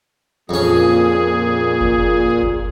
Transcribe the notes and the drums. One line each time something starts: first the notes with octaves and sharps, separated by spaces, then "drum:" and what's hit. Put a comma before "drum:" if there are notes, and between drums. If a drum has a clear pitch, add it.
F2 A#2 C#4 G#4
drum: kick
drum: kick